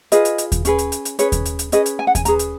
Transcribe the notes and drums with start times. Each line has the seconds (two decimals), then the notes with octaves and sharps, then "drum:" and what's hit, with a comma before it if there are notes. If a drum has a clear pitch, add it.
0.12 F4 G#4 B4 D#5, drum: hi-hat
0.25 drum: hi-hat
0.38 drum: hi-hat
0.52 drum: kick D#2, hi-hat
0.65 C#4 G#4 B4, drum: hi-hat
0.78 drum: hi-hat
0.92 drum: hi-hat
1.05 drum: hi-hat
1.19 C#4 G#4 B4 C#5, drum: hi-hat
1.32 drum: kick D#2, hi-hat
1.45 drum: hi-hat
1.59 drum: hi-hat
1.72 C#4 G#4 B4 D#5, drum: hi-hat
1.86 drum: hi-hat
1.99 G#5
2.07 F#5
2.15 G#5, drum: kick D#2, hi-hat
2.25 C#4 G#4 B4 A#5, drum: hi-hat
2.39 drum: hi-hat